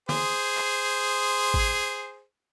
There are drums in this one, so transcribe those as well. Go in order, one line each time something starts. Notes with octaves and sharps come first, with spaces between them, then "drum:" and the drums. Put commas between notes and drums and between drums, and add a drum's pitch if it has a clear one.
G#4 C5, drum: snare
drum: clap
drum: kick A1